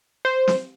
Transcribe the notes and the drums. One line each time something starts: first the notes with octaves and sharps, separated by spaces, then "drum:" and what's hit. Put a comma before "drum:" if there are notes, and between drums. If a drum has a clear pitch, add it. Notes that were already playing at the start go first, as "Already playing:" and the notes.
C5
drum: snare